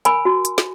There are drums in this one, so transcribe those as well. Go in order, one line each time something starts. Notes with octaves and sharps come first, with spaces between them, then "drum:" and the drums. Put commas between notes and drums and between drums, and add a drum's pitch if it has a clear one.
A#4 G#5 B5, drum: hi-hat
F#4
drum: hi-hat
drum: snare